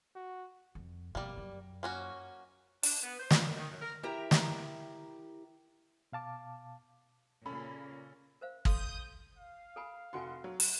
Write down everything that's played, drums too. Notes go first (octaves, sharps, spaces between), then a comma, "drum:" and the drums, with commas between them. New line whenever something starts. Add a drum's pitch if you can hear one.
F#4
F2
F2 B2 G3 A#3
F#2
A#3 C#4 F#4
D4, drum: open hi-hat
B3
C5
A#2, drum: snare
F#2
D#3
F#2
A#4
E4 G4 A#4 E5 G5 A#5
drum: snare
B2 F5 A5 D6
A#2 C#3 A#3 C#4 A4 B5
A#4 C5 F5
A4 F5 C6 D#6 G6, drum: kick
F5
A4 G#5 B5
F1 D#4 F#4 F#5 G#5 C6
F#3
drum: open hi-hat